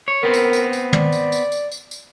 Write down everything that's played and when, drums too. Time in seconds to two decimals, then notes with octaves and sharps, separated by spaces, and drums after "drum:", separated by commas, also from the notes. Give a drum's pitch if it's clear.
0.08 C#5
0.23 B3 C4 A#4
0.34 drum: tambourine
0.53 drum: tambourine
0.73 drum: tambourine
0.93 D5, drum: tom
1.12 drum: tambourine
1.32 drum: tambourine
1.52 drum: tambourine
1.72 drum: tambourine
1.91 drum: tambourine